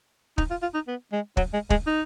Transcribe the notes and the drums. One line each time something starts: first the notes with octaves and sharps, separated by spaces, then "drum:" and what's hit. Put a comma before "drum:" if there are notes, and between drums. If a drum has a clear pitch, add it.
D#4, drum: kick
F4
F4
D#4
B3
G#3
F#3, drum: kick
G#3
G#3, drum: kick
D#4